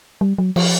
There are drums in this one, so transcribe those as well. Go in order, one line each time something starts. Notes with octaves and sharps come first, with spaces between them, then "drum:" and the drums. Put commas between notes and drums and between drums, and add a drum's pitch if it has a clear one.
G3
F#3
F3, drum: cymbal